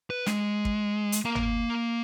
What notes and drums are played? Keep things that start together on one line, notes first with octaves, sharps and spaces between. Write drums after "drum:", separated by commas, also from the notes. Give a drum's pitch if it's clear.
B4
G#3, drum: snare
drum: kick
drum: hi-hat
A#3 F5
drum: tom